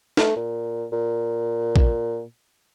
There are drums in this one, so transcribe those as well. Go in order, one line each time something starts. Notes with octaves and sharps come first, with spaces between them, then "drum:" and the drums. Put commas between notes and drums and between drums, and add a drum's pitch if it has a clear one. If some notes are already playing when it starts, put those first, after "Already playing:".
A3, drum: snare
A#2
A#2
drum: kick